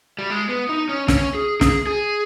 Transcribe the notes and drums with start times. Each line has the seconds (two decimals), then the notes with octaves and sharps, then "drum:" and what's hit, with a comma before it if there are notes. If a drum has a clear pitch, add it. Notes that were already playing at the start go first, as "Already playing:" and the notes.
0.19 G3
0.30 G#3
0.49 B3
0.69 D#4
0.89 C#4
1.08 C#4, drum: snare
1.35 G#4
1.61 G#4, drum: snare
1.87 G#4